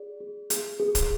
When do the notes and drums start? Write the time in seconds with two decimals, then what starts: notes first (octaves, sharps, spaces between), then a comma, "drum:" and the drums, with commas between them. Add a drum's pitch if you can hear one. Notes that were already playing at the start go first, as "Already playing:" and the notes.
Already playing: G#4 D5
0.20 G#4
0.50 G#4, drum: hi-hat
0.79 G#4
0.95 drum: kick, hi-hat